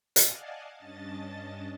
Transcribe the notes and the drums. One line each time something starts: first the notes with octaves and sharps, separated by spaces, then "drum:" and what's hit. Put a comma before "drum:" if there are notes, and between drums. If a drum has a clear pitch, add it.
D5 D#5 F5 F#5 G#5 A5, drum: hi-hat
G2 C#4 D4 D#5 A5 A6